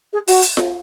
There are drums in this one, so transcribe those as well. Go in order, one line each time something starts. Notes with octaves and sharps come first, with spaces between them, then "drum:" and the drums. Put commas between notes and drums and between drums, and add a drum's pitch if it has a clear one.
G#4
F#4, drum: open hi-hat
drum: hi-hat
drum: snare F4